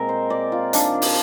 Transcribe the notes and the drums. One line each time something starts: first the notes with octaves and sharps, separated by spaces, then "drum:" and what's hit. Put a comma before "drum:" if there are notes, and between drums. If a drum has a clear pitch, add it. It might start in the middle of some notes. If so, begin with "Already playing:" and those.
Already playing: A#2 G#3 C4 A#4
C5
D5
F4
D#3 A#3 D4, drum: hi-hat
drum: open hi-hat